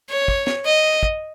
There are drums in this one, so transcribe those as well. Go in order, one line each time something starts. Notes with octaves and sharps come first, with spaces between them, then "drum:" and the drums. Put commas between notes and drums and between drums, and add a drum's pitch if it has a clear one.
C#5
drum: kick
drum: snare
D#5
drum: kick